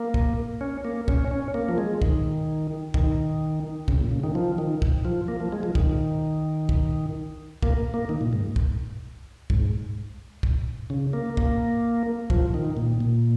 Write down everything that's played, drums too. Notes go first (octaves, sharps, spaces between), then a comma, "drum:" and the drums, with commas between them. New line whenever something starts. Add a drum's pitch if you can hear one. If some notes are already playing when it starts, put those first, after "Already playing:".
Already playing: A#3
drum: kick
C#4
A#3
C#4, drum: kick
C#4
A#3
F3
G#3
D#3, drum: kick
D#3, drum: kick
C#3, drum: kick
A#2
C#3
D#3
F3
D#3
drum: kick
F3
A#3
F3
G#3
F3
D#3, drum: kick
drum: kick
A#3, drum: kick
A#3
D#3
A#2
G#2
drum: kick
G#2, drum: kick
drum: kick
C#3
A#3
A#3, drum: kick
F3, drum: kick
D#3
A#2
A#2